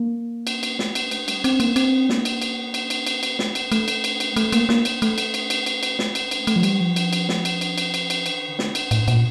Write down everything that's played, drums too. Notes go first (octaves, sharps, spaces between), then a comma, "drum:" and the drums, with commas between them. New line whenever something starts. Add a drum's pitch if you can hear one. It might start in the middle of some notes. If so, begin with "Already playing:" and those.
Already playing: A#3
drum: cymbal
drum: cymbal
drum: snare
drum: cymbal
A3, drum: cymbal
G3, drum: cymbal
C4, drum: cymbal
A#3, drum: cymbal
C4, drum: cymbal
A#3, drum: snare
drum: cymbal
drum: cymbal
drum: cymbal
drum: cymbal
drum: cymbal
drum: cymbal
drum: snare
drum: cymbal
A3, drum: cymbal
drum: cymbal
drum: cymbal
drum: cymbal
A3, drum: cymbal
A#3, drum: cymbal
A#3, drum: snare
drum: cymbal
A3, drum: cymbal
drum: cymbal
drum: cymbal
drum: cymbal
drum: cymbal
drum: cymbal
drum: snare
drum: cymbal
drum: cymbal
A3, drum: cymbal
F3
G3, drum: cymbal
F3
drum: cymbal
drum: cymbal
drum: snare
drum: cymbal
drum: cymbal
drum: cymbal
drum: cymbal
drum: cymbal
E3, drum: cymbal
D3
drum: snare
drum: cymbal
A2, drum: cymbal
A#2, drum: cymbal